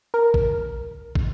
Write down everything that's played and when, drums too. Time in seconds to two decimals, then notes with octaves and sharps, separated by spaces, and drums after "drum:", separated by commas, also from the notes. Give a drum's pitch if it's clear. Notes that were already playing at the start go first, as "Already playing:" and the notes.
0.14 A#4
0.34 drum: kick
1.15 drum: kick